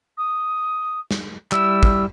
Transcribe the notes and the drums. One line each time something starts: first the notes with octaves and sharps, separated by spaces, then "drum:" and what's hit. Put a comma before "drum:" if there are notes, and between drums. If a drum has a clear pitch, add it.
D#6
drum: snare
G3 E4 E6, drum: clap
drum: kick